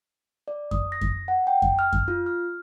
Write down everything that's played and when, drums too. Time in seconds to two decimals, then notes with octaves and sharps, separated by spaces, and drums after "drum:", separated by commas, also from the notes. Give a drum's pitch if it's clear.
0.48 D5
0.71 D#6, drum: kick F#2
0.92 A#6
1.01 drum: kick F#2
1.28 F#5
1.47 G5
1.62 drum: kick F#2
1.79 F6
1.93 drum: kick F#2
2.08 F4
2.26 F6